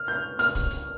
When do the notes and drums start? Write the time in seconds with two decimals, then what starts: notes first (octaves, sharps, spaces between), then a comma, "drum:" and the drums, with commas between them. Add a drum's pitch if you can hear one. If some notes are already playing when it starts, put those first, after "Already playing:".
Already playing: F6
0.08 G6
0.39 F6, drum: hi-hat
0.55 drum: kick, hi-hat
0.71 drum: hi-hat